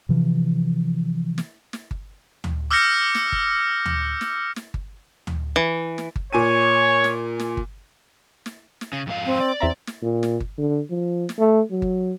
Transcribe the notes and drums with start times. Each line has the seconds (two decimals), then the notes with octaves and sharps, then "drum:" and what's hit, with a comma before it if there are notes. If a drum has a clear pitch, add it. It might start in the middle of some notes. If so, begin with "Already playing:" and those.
0.09 C3 E3 F3
1.38 drum: snare
1.73 drum: snare
1.91 drum: kick G1
2.44 drum: tom
2.71 D6 E6 F6 G6 A#6 C#7
3.15 drum: snare
3.32 drum: kick G1
3.85 drum: tom
4.21 drum: snare
4.56 drum: snare
4.74 drum: kick G1
5.27 drum: tom
5.56 E3
5.98 drum: snare
6.16 drum: kick G1
6.33 A#2 C#5 G#5 D#7
7.04 drum: snare
7.40 drum: snare
7.57 drum: kick G1
8.46 drum: snare
8.81 drum: snare
8.93 C#3 A#6
9.07 F2 G#2 F5
9.25 C4
9.40 D5
9.60 E2 C4 E5 A#5
9.87 drum: snare
10.03 A#2
10.23 drum: snare
10.40 drum: kick G1
10.58 D3
10.90 F3
11.29 drum: snare
11.38 A3
11.71 F#3
11.82 drum: kick G1